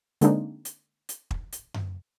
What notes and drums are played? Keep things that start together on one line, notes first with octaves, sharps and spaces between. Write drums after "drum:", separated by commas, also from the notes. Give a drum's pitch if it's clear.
D3 G#3 A#3 C4 D4 D#4, drum: hi-hat
drum: hi-hat
drum: hi-hat
drum: kick
drum: hi-hat
drum: tom F#2